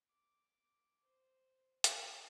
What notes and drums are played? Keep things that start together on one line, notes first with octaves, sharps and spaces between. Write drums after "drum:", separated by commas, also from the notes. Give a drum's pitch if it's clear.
D6
C5
drum: hi-hat
E5